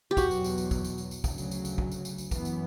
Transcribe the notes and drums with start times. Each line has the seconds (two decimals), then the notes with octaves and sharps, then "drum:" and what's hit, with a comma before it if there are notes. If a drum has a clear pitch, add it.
0.11 G4
0.17 E2 B2 F#3 F#4, drum: kick, tambourine
0.31 drum: tambourine
0.44 drum: tambourine
0.58 drum: tambourine
0.71 drum: kick, tambourine
0.84 drum: tambourine
0.98 drum: tambourine
1.11 drum: tambourine
1.24 D2 C#3 F#3, drum: kick, tambourine
1.38 drum: tambourine
1.51 drum: tambourine
1.65 drum: tambourine
1.78 drum: kick
1.92 drum: tambourine
2.05 drum: tambourine
2.18 drum: tambourine
2.31 F#2 E3 B3, drum: kick, tambourine
2.45 drum: tambourine